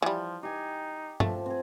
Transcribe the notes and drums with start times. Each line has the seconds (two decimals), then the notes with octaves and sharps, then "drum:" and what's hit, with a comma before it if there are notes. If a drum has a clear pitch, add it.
0.02 E3 F3 G3
0.43 D#4 G4 G#5
1.20 F3 A3, drum: tom G2
1.46 C4 G#4